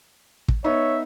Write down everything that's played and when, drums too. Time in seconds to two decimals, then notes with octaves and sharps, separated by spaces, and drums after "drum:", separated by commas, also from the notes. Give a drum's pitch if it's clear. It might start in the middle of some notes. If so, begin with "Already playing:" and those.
0.48 drum: kick
0.64 B3 D#4 C#5 E5